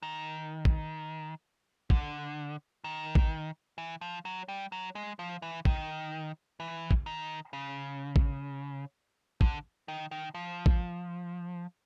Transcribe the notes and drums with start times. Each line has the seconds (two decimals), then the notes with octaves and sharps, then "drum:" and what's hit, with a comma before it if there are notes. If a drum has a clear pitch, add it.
0.03 D#3
0.65 drum: kick
1.90 D3, drum: kick
2.84 D#3
3.15 drum: kick
3.78 E3
4.01 F3
4.25 F#3
4.48 G3
4.72 F#3
4.95 G#3
5.19 F3
5.42 E3
5.65 D#3, drum: kick
6.60 E3
6.91 drum: kick
7.06 D#3
7.53 C#3
8.16 drum: kick
9.41 D3, drum: kick
9.88 D#3
10.11 D#3
10.34 F3
10.66 drum: kick